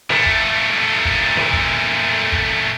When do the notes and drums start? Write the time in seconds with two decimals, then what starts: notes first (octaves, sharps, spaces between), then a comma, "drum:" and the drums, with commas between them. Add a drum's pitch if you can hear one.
0.10 A#2 A3, drum: snare
0.26 drum: kick
1.05 drum: kick
1.37 drum: snare
1.53 drum: kick
2.32 drum: kick